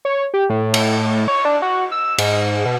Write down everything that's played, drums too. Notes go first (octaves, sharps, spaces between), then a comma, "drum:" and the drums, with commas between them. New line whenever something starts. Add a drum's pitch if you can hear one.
C#5
G4
A2
drum: cymbal
C#5
D4
F#4
E6
G#2, drum: cymbal
B2